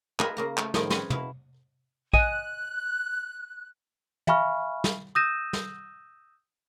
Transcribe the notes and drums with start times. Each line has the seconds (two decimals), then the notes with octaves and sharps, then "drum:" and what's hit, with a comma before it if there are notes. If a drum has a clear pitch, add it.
0.20 F4 G#4 A#4 B4 D#5 E5, drum: clap
0.37 C#3 A#3 A#5
0.57 A3, drum: clap
0.74 A2 D#3 F3 G#4 G5, drum: snare
0.90 C4 C#4 G#4 B4 C5, drum: snare
1.10 B2 E4 F5, drum: tom
2.13 D#5 G#5 F#6, drum: kick A#1
4.27 E5 F5 G#5 B5 C#6 F6, drum: tom
4.84 drum: snare
5.15 D#6 E6 G6 A#6 D#7 E7
5.53 drum: snare